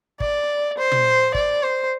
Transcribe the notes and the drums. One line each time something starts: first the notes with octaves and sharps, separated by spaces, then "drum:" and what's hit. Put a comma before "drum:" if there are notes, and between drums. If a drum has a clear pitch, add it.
D5, drum: kick
C5
drum: tom
D5, drum: kick
C5